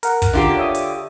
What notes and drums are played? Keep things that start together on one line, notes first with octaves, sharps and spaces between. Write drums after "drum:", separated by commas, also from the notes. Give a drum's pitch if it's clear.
A#4 F#5, drum: hi-hat
drum: kick, hi-hat
D3 F4 G4
C#5 E5 D#6
drum: hi-hat